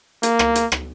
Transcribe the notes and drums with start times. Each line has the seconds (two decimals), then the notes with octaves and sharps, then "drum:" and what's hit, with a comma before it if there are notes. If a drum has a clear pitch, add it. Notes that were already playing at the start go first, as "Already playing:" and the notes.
0.23 A#3, drum: hi-hat
0.39 drum: rim click
0.55 drum: hi-hat
0.72 drum: rim click